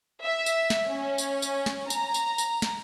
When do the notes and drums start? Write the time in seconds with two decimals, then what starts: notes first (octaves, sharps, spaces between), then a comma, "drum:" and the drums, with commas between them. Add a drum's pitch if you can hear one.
0.23 E5
0.46 drum: tambourine
0.70 drum: snare
0.89 C#4
1.18 drum: tambourine
1.42 drum: tambourine
1.66 drum: snare
1.90 A#5, drum: tambourine
2.14 drum: tambourine
2.38 drum: tambourine
2.62 drum: snare